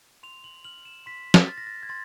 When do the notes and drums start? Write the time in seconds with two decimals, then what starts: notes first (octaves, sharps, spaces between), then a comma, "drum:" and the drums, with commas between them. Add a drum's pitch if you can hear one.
0.23 C6 F7
0.44 F#7
0.64 F6 F#7
0.85 E7
1.06 C6 B6
1.34 drum: snare
1.48 F6 A6
1.58 A#6
1.67 A6
1.83 G#6
1.89 C6 A6